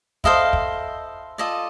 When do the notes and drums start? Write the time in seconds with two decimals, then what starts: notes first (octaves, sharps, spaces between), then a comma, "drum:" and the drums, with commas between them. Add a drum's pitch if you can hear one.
0.24 E4 A4 C5 D#5 F5, drum: kick
0.53 drum: kick
1.38 F4 A4 D5 D#5